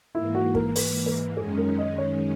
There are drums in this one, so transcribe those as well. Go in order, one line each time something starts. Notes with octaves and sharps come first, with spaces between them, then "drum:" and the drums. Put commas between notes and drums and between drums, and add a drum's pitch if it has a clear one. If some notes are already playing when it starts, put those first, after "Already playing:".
G#2 E3 A#3 E4
F#4
A#4, drum: kick
B4, drum: open hi-hat
B4
F#2 D#3 G#3 C#4 G#4
A#4
D#5
C#5